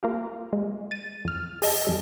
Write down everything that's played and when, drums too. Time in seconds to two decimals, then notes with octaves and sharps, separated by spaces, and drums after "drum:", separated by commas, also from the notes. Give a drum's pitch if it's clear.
0.03 A#3 F4 G4
0.53 G#3
0.91 A6 D#7
1.25 F2 F6
1.62 G#4 D#5 A5, drum: open hi-hat
1.85 F2 G3 A4